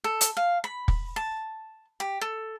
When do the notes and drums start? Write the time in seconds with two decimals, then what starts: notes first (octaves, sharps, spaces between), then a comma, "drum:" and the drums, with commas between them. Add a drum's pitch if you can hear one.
0.04 A4
0.21 drum: hi-hat
0.37 F5
0.64 B5
0.88 drum: kick
1.16 A5
2.00 G4
2.21 A4